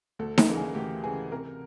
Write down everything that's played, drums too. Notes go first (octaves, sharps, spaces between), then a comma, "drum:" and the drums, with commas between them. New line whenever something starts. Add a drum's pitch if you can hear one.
D2 A4
A#4, drum: snare D#4
C#3 E3 G#3
G#4
D2 G4
C#3 E3 G#3 G#4
C3 A#4